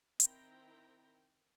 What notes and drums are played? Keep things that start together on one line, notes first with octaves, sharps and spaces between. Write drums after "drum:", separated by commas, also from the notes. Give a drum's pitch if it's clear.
D#3 C4 E4 G5 A#5, drum: hi-hat